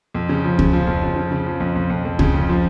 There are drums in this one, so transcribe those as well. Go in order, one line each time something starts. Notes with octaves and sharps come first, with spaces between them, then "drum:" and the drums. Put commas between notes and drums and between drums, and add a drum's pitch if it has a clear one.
F2
C#3
F3
C#3, drum: kick
F3
F2
C#3
C#3
C#3
F3
F2
F2
F2
F2
C#3, drum: kick
F2
F3